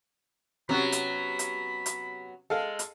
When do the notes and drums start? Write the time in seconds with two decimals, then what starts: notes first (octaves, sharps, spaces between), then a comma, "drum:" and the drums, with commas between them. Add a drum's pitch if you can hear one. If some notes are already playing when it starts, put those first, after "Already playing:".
0.69 C3 F#3 B3 C#4 F#4 B5
0.92 drum: hi-hat
1.39 drum: hi-hat
1.86 drum: hi-hat
2.50 G#3 A4 F5
2.79 drum: hi-hat